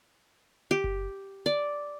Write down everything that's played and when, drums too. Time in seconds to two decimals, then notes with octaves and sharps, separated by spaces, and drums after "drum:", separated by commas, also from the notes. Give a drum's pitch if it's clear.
0.71 G4
0.84 drum: kick F#1
1.46 D5